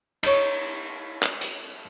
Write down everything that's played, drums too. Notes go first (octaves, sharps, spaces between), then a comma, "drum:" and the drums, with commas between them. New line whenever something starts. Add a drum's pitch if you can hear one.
D#4 C#5, drum: cymbal
drum: clap
drum: hi-hat